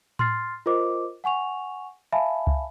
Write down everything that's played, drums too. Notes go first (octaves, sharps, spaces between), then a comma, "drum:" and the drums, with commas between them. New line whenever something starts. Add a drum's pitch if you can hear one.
C6 F6 A6 C7, drum: tom A2
F4 A#4 C5 D#5 D6
F#5 G#5 C#6 F7
E5 F5 G#5 A5 B5
drum: kick C#2